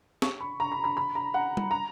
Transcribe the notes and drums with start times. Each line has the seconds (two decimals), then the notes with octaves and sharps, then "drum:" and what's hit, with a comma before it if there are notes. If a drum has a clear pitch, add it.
0.22 C#6, drum: snare
0.41 B5
0.60 A#5
0.72 B5
0.84 B5
0.97 B5
1.15 A#5
1.34 F#5
1.57 drum: tom G3
1.71 A#5